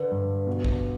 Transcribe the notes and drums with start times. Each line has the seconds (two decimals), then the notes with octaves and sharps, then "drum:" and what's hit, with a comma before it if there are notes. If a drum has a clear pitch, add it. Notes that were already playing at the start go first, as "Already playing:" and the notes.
Already playing: D3 B4
0.11 G2
0.47 B2
0.64 drum: kick